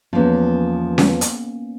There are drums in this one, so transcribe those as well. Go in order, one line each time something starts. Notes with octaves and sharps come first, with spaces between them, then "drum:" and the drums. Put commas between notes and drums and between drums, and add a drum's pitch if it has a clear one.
E2 F3 A#3 B3 C#4
drum: snare C#4
drum: hi-hat